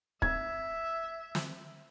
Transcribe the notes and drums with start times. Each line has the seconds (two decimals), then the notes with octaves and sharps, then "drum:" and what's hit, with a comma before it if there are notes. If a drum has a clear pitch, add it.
0.22 E5 G#6, drum: kick
1.35 drum: snare